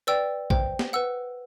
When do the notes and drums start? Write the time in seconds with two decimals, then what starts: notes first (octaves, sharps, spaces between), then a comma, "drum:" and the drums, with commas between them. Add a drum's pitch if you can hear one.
0.07 B4 D5 G5 E6
0.50 C5 G5, drum: kick
0.79 drum: snare
0.93 B4 F#5 E6